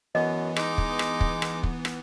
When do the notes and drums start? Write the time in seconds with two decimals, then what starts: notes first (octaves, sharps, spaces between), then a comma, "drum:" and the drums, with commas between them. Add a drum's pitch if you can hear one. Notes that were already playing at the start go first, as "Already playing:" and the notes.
0.15 F#2 E3 B3 D#5
0.56 G#3 D#4 D6, drum: rim click
0.78 drum: kick
0.99 drum: rim click
1.21 drum: kick
1.42 drum: rim click
1.63 drum: kick
1.85 drum: rim click